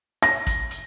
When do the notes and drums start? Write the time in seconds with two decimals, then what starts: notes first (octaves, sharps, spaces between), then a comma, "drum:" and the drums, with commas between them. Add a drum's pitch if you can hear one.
0.23 A#6, drum: rim click
0.47 drum: kick, hi-hat
0.71 drum: hi-hat